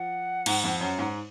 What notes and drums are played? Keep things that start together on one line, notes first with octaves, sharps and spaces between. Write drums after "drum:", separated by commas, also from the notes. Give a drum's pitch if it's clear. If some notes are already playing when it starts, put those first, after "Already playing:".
Already playing: F3 F#5
G#2, drum: cymbal
F2
F#2
G#2